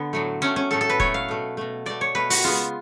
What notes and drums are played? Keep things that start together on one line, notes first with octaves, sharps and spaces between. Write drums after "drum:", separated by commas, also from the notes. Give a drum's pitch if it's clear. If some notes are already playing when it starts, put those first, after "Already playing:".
Already playing: D3 B3
A2 F#3 A3
A2 F#3 A3 C#4
C#4
A2 F#3 A3 A4
A4
B4
A2 F#3 A3 C#5, drum: kick
F5
B2 A3
B2 A3
B2 A3 D5
C#5
B2 A3 B4
F#4, drum: open hi-hat
C#3 G#3 B3 F4